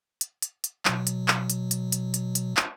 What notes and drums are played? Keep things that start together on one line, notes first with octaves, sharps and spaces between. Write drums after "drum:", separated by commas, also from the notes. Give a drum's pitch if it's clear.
drum: hi-hat
drum: hi-hat
drum: hi-hat
B2 F#3, drum: clap
drum: hi-hat
drum: clap
drum: hi-hat
drum: hi-hat
drum: hi-hat
drum: hi-hat
drum: hi-hat
drum: clap